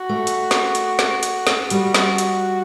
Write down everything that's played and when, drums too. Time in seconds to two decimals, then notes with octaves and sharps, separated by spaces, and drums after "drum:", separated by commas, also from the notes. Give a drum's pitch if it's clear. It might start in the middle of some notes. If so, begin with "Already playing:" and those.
Already playing: F#4
0.09 A3
0.27 drum: hi-hat
0.51 drum: snare
0.75 drum: hi-hat
0.99 drum: snare
1.23 drum: hi-hat
1.47 drum: snare
1.70 G3 F#4, drum: hi-hat
1.94 drum: snare
2.18 drum: hi-hat